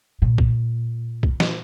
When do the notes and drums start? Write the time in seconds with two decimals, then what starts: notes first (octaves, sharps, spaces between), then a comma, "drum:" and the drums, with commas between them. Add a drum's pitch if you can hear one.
0.22 A#2
0.38 drum: kick
1.23 drum: kick
1.40 drum: snare